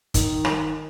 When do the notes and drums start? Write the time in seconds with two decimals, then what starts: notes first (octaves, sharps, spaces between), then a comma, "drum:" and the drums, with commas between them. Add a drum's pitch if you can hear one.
0.14 D#3, drum: kick, hi-hat
0.45 drum: rim click